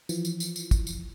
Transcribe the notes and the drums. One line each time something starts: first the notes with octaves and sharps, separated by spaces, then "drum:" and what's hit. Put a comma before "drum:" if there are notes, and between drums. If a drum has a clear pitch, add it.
E3 F3, drum: tambourine
drum: tambourine
drum: tambourine
drum: tambourine
drum: kick, tambourine
drum: tambourine